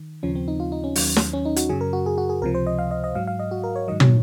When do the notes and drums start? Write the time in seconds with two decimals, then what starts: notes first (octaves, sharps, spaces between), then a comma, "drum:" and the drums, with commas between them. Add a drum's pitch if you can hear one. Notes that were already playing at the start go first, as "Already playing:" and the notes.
Already playing: D#3
0.23 D#2 C#3 F3 C#4
0.35 C4
0.48 D#4
0.60 F4
0.72 D#4
0.84 C#4
0.96 D#2 D#3 F#3, drum: open hi-hat
1.16 drum: snare
1.33 C#4
1.45 D#4
1.56 F#4, drum: hi-hat
1.69 F#2 C#3 F#3 G#4
1.81 A#4
1.93 F#4
2.06 G#4
2.18 F#4
2.29 G#4
2.42 C#2 C3 F3 A#4
2.55 C5
2.67 D#5
2.79 F5
2.91 D#5
3.04 D#5
3.15 G#2 F#3 F5
3.27 F5
3.39 D#5
3.51 F#4
3.64 A#4
3.76 C#5
3.88 G#2 D#3 F#3 D#5
4.00 C#5, drum: tom